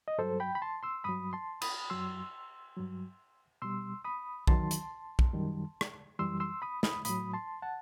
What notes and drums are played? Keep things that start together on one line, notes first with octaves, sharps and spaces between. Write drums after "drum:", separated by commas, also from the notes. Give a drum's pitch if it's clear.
D#5
G2 F#3 A4 C5
G5 B5
B5
A5 C6
C6 E6
G2 F#3 B5 D#6
A5 C6
B5 D#6, drum: cymbal
F#2 F#3 C6 E6
G2 F#3
B2 G3 C6 E6
B5 D#6
E2 D#3 F#3 A5 C6, drum: kick
drum: hi-hat
drum: kick
F#2 D#3 G3
drum: rim click
F#2 E3 G3 C6 E6
C6 E6
B5 D#6
B5 D#6, drum: snare
A2 F#3 B5 D#6, drum: hi-hat
A5 C6
F#5 A5